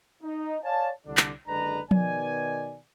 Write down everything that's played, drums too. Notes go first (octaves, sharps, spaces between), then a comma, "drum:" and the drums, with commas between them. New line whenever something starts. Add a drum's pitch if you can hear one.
D#4
C#5 D5 F5 G#5 A5
C2 D3 D4
drum: clap
F#1 D3 G#3 D4 B4 A#5
B2 D#3 B3 D5 G#5, drum: tom F3